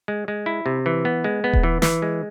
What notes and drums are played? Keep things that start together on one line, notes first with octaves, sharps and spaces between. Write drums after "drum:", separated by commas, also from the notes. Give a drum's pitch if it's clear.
G#3
G#3
E4
C3
E3
B3
G#3
B3
drum: kick D#1
E3
E3, drum: snare
G#3